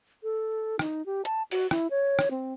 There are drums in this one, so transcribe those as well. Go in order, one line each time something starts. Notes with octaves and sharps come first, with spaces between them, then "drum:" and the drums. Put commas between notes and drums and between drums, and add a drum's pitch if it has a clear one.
A4
D#4, drum: rim click
G4
A5, drum: hi-hat
F#4, drum: open hi-hat
E4, drum: rim click
C#5
drum: rim click
C4